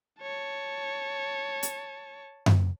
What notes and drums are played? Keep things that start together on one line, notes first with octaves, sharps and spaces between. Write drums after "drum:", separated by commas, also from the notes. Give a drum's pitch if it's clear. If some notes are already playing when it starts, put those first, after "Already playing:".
C#5 A5
drum: hi-hat
drum: tom F#2